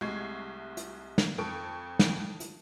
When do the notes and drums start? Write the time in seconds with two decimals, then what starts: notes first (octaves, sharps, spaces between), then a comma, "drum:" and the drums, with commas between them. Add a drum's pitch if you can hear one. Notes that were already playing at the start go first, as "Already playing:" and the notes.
0.01 C2 G#3 A3 C#6 G#6 C7
0.77 drum: hi-hat
1.18 drum: snare
1.38 F2 A4 C#6 D7
1.99 drum: snare
2.40 drum: hi-hat